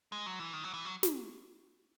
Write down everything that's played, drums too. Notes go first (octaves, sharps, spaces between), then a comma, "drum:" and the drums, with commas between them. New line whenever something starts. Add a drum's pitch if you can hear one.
G#3
F#3
E3
D#3
F#3
E3
F#3
drum: snare